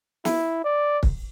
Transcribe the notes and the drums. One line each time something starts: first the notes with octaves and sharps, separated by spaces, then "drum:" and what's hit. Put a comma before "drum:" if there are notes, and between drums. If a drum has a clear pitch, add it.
E4, drum: snare
D5
drum: kick